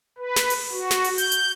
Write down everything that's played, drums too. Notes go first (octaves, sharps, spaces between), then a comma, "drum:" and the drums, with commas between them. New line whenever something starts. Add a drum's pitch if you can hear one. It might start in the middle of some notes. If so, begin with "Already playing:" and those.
B4
drum: snare
drum: open hi-hat
F#4
drum: snare
drum: open hi-hat
G6, drum: hi-hat
drum: hi-hat